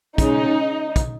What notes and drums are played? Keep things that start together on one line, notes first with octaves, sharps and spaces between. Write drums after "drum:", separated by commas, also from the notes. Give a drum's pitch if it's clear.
C#3 G#3 D#4, drum: kick, hi-hat
drum: kick, hi-hat